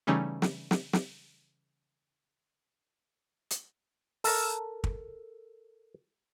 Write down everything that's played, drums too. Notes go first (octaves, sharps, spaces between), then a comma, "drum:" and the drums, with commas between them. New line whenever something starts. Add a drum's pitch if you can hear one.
C#3 E3 G3 A3 C#4 D#4
drum: snare
drum: snare
drum: snare
drum: hi-hat
A4 A#4, drum: open hi-hat
drum: kick